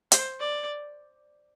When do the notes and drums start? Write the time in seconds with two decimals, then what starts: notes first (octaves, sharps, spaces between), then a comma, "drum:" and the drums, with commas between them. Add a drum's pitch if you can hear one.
0.12 C5, drum: hi-hat
0.40 D5